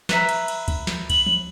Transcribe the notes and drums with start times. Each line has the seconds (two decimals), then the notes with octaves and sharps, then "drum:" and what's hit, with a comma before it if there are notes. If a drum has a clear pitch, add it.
0.09 B4 E5 A#5, drum: snare
0.29 drum: cymbal
0.48 drum: cymbal
0.68 drum: kick D2, cymbal
0.87 drum: snare
1.10 F#7, drum: kick D2, cymbal
1.26 drum: tom